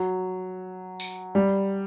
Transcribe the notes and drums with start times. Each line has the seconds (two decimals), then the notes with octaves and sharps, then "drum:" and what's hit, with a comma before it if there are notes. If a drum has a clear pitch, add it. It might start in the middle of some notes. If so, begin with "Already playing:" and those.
Already playing: F#3
1.00 drum: tambourine
1.35 G3